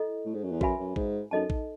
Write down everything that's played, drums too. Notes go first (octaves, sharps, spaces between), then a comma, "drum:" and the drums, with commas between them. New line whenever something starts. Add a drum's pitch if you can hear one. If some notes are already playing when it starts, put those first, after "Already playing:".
Already playing: E4 A4 D#5
A2
G#2
F#2
E2
F#2 F#4 B4 E5 G#5 B5, drum: kick A#1
F#2
G#2, drum: kick A#1
F#2 D#4 A4 D#5 A5
drum: kick A#1